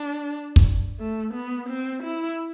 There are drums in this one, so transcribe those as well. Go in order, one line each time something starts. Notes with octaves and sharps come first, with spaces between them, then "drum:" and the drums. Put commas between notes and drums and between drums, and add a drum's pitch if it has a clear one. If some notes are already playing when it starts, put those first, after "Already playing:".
Already playing: D4
drum: kick
A3
B3
C4
E4